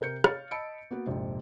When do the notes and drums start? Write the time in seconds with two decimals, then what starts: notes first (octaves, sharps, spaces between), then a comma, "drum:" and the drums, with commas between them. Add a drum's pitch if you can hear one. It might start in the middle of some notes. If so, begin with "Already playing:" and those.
0.01 C3 A#4 G6 C#7
0.24 C#5 F5 F6 A6 C#7, drum: rim click
0.51 D#5 A5 B5 E6 C#7 D7
0.91 A#3 B3 F#4 B4
1.06 A#1 F2 G#2 C3